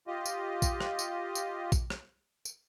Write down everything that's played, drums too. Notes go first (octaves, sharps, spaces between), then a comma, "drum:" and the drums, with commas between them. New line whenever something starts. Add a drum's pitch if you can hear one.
F4 G4 D#5
drum: tambourine
drum: kick A#1, tambourine
drum: rim click
drum: tambourine
drum: tambourine
drum: kick A#1, tambourine
drum: rim click
drum: tambourine